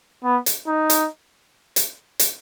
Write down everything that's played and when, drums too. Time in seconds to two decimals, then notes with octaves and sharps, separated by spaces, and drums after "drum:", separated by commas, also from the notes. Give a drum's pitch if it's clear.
0.24 B3
0.46 drum: hi-hat
0.67 D#4
0.90 drum: hi-hat
1.76 drum: hi-hat
2.19 drum: hi-hat